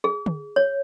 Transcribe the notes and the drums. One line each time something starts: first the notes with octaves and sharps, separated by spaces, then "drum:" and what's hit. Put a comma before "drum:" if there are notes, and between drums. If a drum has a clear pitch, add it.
G#4
drum: tom
C#5